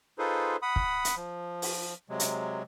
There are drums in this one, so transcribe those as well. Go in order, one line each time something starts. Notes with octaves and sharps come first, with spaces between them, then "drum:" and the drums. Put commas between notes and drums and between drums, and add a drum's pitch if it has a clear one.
D#4 F4 G#4 A4 B4 C5
F#5 B5 D#6
drum: kick
drum: hi-hat
F3
drum: open hi-hat
C3 F#3 G#3
drum: hi-hat